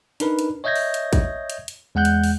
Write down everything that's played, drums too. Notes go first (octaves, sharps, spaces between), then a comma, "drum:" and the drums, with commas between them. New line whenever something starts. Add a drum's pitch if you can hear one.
D4 D#4 A#4 B4, drum: hi-hat
drum: hi-hat
C#5 D#5 E5 G6 G#6 A#6
drum: open hi-hat
drum: hi-hat
drum: kick, hi-hat
drum: hi-hat
drum: hi-hat
E2 G#3 F#5 F#6 G6
drum: hi-hat
drum: open hi-hat